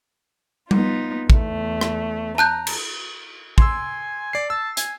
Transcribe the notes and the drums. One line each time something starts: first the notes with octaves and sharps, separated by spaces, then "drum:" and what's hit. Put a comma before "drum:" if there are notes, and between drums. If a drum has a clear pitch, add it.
B3 D#4 F4, drum: tom G3
E2 A3, drum: kick
drum: rim click
A5 A#5 F#6 G6
drum: cymbal
G#5 C6 E6, drum: kick
D5 C7
A5 E6
G#5, drum: hi-hat